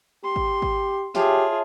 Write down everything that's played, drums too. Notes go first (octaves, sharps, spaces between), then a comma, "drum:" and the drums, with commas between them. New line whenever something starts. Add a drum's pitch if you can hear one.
G4 C6
drum: kick G#1
drum: kick G#1
F4 G4 G#4 C#5 E5 A5, drum: snare